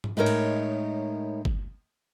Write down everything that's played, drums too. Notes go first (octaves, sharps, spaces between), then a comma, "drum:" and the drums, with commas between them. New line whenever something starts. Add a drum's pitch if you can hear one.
drum: tom
A2 G#3 D#4 A#4 C#5
drum: cymbal
drum: kick G1